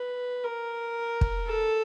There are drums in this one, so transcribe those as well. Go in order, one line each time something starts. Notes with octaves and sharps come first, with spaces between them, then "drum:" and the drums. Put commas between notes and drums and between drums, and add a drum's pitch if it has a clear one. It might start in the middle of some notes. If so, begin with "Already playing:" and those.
Already playing: B4
A#4
drum: kick
A4